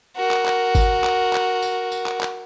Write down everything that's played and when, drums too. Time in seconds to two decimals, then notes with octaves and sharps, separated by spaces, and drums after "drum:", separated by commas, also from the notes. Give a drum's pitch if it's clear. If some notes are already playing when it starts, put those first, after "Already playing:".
0.16 F#4 A#4
0.31 drum: clap
0.46 drum: clap
0.75 drum: kick G#1, tambourine
1.04 drum: clap
1.33 drum: clap
1.62 drum: tambourine
1.92 drum: tambourine
2.06 drum: clap
2.21 drum: clap